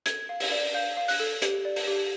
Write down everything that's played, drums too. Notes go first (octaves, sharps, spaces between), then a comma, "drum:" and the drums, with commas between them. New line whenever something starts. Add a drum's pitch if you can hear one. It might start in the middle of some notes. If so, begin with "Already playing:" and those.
A4 G#6, drum: hi-hat
F5
drum: open hi-hat
D5
F5 G6
F5
F#6, drum: open hi-hat
A4
G4, drum: hi-hat
D5
drum: open hi-hat
G4